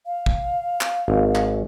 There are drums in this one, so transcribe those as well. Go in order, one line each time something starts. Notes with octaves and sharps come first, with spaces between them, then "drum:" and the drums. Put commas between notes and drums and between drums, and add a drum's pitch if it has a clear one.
F5
drum: kick
drum: clap
G#1
drum: clap